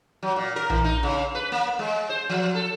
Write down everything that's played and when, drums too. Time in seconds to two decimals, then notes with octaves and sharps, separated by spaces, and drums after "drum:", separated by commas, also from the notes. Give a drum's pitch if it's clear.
0.23 F#3
0.36 A#2
0.56 A#4
0.70 E3, drum: tom A#1
0.84 D#4
1.03 C#3
1.35 B4
1.52 A#3
1.79 G#3
2.09 C5
2.29 F3
2.55 A4